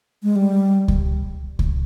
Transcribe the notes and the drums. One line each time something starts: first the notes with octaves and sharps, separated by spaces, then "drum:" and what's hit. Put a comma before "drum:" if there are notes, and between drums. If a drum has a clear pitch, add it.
G#3
G3
drum: kick C#2
drum: kick C#2